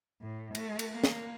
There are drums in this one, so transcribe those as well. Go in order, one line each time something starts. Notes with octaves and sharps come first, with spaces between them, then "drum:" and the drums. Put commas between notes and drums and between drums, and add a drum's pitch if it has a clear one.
A2
A3, drum: cymbal
drum: cymbal
A#3
drum: snare